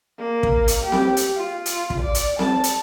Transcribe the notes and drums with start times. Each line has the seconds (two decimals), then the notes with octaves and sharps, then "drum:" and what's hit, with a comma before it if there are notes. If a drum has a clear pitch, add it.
0.19 A#3
0.43 drum: kick
0.68 drum: hi-hat
0.82 G4
0.92 drum: snare C4
1.17 drum: hi-hat
1.36 F4
1.66 drum: hi-hat
1.90 drum: kick
2.00 D5
2.15 drum: hi-hat
2.39 A5, drum: snare C4
2.64 drum: hi-hat